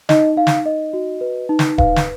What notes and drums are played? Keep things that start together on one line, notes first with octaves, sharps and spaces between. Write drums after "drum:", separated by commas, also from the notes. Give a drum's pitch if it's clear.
D#4 D#5, drum: snare
D#4 F5
drum: snare
D#4 D#5
F#4
B4
D#4
drum: snare
B4 F5, drum: kick D#1
drum: snare